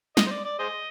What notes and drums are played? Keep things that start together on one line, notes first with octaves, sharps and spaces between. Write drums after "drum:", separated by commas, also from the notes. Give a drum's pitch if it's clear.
D#5, drum: snare
C5
D5
D5
G#4 C5 D#5